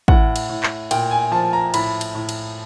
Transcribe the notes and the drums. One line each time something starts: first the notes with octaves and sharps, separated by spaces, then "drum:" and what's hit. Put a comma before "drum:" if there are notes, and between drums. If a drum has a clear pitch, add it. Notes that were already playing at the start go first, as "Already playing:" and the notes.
A2 F#5, drum: kick
drum: cymbal
A2
drum: clap
A#2 G5, drum: cymbal
G#5
F3 A5
A#5
A2 B5, drum: cymbal
drum: cymbal
A2
drum: cymbal